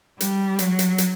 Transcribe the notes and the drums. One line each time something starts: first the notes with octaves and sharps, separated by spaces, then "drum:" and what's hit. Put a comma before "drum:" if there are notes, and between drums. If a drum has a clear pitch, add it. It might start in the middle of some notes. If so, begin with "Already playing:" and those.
G3, drum: hi-hat
F#3, drum: hi-hat
drum: hi-hat
drum: hi-hat